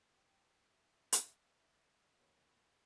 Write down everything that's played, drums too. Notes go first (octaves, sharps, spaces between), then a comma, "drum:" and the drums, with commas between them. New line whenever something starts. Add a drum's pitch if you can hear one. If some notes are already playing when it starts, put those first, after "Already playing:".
G4
E5
drum: hi-hat
D#2 B2 C#5 B5